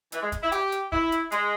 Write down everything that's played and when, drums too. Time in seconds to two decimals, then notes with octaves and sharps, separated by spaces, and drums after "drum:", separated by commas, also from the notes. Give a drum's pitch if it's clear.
0.12 E3, drum: hi-hat
0.22 G#3
0.32 drum: kick, hi-hat
0.42 E4
0.52 G4, drum: hi-hat
0.72 drum: hi-hat
0.92 E4, drum: kick
1.12 drum: hi-hat
1.32 G#3, drum: hi-hat